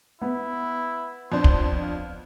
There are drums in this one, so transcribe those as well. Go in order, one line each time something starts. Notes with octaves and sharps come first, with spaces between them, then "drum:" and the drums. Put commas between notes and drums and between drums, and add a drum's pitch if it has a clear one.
B3 E4
F2 D4 C5
drum: kick
F5